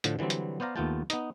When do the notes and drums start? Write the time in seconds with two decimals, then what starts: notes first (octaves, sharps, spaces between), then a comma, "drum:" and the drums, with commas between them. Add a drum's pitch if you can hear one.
0.04 A2 D3 F3, drum: hi-hat
0.19 D3 E3 F#3 G3 C4
0.30 drum: hi-hat
0.60 B3 C5 D5 F5 A#5
0.76 D#2 A3 B3 F4 G5 A5
1.10 B3 D#4, drum: hi-hat